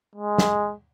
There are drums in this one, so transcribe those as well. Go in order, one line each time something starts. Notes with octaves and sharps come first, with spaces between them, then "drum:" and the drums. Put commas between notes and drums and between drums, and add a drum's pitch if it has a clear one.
G#3
drum: snare